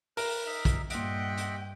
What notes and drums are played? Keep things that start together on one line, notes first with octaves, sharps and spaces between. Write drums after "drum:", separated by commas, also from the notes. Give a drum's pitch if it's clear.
A#4 B4, drum: open hi-hat
D#4 E5
drum: kick, hi-hat
G2 A#2 D#5 E5 F#5 G5 D7, drum: hi-hat
drum: hi-hat